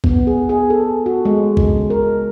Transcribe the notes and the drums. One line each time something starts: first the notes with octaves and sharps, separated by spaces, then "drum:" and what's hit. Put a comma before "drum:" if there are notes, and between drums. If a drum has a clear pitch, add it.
B3, drum: kick
G#4
G#4
A4
F#4
G#3
C#3, drum: kick
A#4